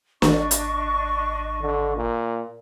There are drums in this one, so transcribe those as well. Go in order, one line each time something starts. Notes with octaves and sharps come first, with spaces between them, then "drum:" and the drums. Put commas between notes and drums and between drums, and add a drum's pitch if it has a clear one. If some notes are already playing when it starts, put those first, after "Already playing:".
G#1 D4 D#5 C#6, drum: snare
drum: hi-hat
D3
A#2